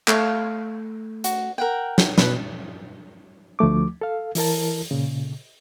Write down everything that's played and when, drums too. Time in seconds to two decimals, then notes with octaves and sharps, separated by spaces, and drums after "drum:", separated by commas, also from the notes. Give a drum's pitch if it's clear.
0.08 A3 C#5 F5, drum: clap
1.24 F#4, drum: hi-hat
1.58 A#4 F#5 G5
1.98 drum: snare
2.18 B2 B4, drum: snare
3.59 D2 F3 A3 D6
4.01 A4 F5
4.35 E3 E4 A#4 A5, drum: open hi-hat
4.91 A#2 C#3